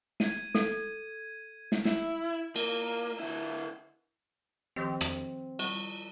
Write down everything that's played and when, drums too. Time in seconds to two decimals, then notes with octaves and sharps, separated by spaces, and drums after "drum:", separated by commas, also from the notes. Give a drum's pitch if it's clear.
0.20 G#6 D#7, drum: snare
0.55 A4, drum: snare
1.72 drum: snare
1.85 E4, drum: snare
2.56 A#3, drum: cymbal
3.20 D3 E4
4.76 D#3 F3 C4 G4
5.01 drum: rim click
5.59 G3 F#5 C#6, drum: cymbal